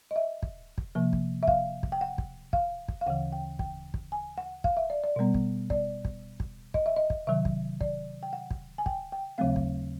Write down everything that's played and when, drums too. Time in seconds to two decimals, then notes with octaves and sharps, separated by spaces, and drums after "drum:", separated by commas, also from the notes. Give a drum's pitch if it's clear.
0.11 D#5
0.16 E5
0.43 drum: kick
0.78 drum: kick
0.95 C3 F3 A#3
1.13 drum: kick
1.43 E5
1.47 F5, drum: kick
1.83 drum: kick
1.92 G5
2.01 F#5
2.18 drum: kick
2.53 F5, drum: kick
2.88 drum: kick
3.01 F5
3.06 D2 C#3 E3 F#5
3.32 G5
3.59 G5, drum: kick
3.94 drum: kick
4.12 G#5
4.38 F#5
4.64 F5, drum: kick
4.77 E5
4.90 D5
5.04 D5
5.16 B2 G3 B3
5.34 drum: kick
5.70 D5, drum: kick
6.05 drum: kick
6.40 drum: kick
6.74 D#5, drum: kick
6.86 E5
6.96 D#5
7.10 drum: kick
7.27 C3 D#3 F#3 E5
7.45 drum: kick
7.81 D5, drum: kick
8.23 G5
8.33 F#5
8.51 drum: kick
8.78 G#5
8.86 G5, drum: kick
9.12 G5
9.38 D#2 C#3 F#3 A3 C4 F5
9.56 drum: kick